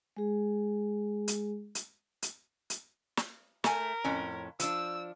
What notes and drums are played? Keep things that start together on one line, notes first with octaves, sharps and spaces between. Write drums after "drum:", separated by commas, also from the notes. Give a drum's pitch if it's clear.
G#3 G#4
drum: hi-hat
drum: hi-hat
drum: hi-hat
drum: hi-hat
drum: snare
A3 A#4 G#5, drum: snare
F2 A2 C#4
F3 D4 E6, drum: hi-hat